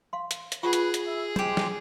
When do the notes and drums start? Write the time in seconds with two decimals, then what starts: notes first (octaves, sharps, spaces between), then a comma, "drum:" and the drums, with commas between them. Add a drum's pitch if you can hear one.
0.13 F5 C6
0.31 drum: hi-hat
0.52 drum: hi-hat
0.63 F4 G#4 B4 F#5 C#6
0.73 drum: hi-hat
0.94 drum: hi-hat
1.07 E5
1.36 G#3 G4 C5, drum: tom
1.57 drum: snare